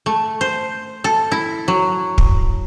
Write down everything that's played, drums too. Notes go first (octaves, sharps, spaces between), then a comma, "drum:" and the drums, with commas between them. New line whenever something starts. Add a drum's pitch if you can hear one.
A3
C5
A4
E4
F#3
drum: kick